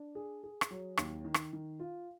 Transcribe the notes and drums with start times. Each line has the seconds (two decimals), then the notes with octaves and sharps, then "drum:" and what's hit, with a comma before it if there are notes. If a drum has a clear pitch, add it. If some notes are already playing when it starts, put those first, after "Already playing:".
Already playing: D4
0.15 G#4
0.44 G#4
0.61 drum: rim click
0.71 F#3
0.97 D#2, drum: rim click
1.25 D#3
1.34 drum: rim click
1.53 D#3
1.80 F4